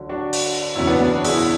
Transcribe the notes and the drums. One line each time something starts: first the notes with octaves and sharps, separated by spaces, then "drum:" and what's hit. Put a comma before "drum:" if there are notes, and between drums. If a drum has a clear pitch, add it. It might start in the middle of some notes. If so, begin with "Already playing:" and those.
Already playing: D2 D3 F#3
D4 F#4
drum: open hi-hat
F#1 E2 B2 F#3 C#4 E4
B3 D4
B3 D4
D4 F#4
E4 G#4, drum: open hi-hat